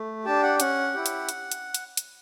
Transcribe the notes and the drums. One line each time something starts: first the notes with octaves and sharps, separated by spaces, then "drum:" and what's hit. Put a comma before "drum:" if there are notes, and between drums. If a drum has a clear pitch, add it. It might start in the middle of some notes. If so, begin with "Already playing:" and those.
Already playing: A3
D4 G4 A5
F#5
C#4 F#5, drum: hi-hat
E4 G4
drum: hi-hat
drum: hi-hat
drum: hi-hat
drum: hi-hat
drum: hi-hat